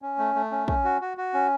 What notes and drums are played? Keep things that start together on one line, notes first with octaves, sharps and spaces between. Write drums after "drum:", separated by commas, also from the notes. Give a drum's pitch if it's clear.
C#4
A3
A3
C#4
C#4, drum: kick
F#4
F#4
F#4
C#4